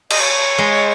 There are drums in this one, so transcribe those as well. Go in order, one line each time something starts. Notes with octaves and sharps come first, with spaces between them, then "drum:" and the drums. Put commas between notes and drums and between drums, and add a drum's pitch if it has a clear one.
D#5, drum: cymbal
C#5
G#3